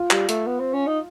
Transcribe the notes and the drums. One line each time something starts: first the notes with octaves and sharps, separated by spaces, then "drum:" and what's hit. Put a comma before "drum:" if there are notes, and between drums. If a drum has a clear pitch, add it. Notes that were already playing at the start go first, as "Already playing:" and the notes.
Already playing: F4
G3, drum: clap
A3, drum: hi-hat
B3
C4
C#4
D#4